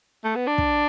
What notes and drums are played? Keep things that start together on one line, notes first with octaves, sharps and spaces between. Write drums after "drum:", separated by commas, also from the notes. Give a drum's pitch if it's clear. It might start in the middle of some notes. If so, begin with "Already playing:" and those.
A3
B3
D4
drum: kick